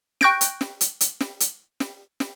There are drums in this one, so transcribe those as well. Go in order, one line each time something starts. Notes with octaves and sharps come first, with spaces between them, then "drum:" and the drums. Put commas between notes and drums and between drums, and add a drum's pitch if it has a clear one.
G5 C#6 F#6 G6 A#6 D7, drum: snare
drum: hi-hat
drum: snare
drum: hi-hat
drum: hi-hat
drum: snare
drum: hi-hat
drum: snare
drum: snare